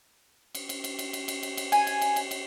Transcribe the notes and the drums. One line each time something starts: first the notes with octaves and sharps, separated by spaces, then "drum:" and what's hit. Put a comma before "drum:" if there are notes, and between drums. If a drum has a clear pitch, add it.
drum: cymbal
drum: cymbal
drum: cymbal
drum: cymbal
drum: cymbal
drum: cymbal
drum: cymbal
drum: cymbal
G#5, drum: cymbal
drum: cymbal
drum: cymbal
drum: cymbal
drum: cymbal